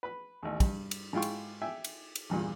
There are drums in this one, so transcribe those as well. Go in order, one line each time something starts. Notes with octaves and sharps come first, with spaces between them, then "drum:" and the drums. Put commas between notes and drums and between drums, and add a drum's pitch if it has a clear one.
B4 B5
A1 D#2
G2, drum: kick, cymbal
drum: cymbal
G#2 E4 F4 G5 C#6
drum: cymbal
E5 G5 G#5
drum: cymbal
drum: cymbal
E2 G2 A#2